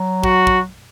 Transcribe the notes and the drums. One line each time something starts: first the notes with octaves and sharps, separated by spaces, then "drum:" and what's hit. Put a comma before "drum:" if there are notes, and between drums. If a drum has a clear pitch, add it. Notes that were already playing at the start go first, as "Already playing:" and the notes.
Already playing: F#3
F#4, drum: kick
drum: kick